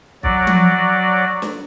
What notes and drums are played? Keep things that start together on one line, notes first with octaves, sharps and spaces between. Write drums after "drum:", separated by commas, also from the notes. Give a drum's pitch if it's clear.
F#3 D5, drum: kick
drum: tom F3
drum: snare